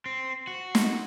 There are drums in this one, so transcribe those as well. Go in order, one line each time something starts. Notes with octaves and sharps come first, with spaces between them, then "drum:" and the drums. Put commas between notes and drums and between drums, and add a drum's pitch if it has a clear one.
C4
F#4
drum: snare